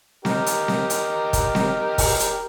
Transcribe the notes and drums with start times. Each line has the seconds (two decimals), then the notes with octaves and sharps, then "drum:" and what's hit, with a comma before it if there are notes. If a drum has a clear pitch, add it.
0.25 D#4 G4 A#4, drum: snare C4
0.46 drum: hi-hat
0.68 drum: snare C4
0.90 drum: hi-hat
1.33 drum: kick, hi-hat
1.55 drum: snare C4
1.98 drum: kick, open hi-hat
2.20 drum: hi-hat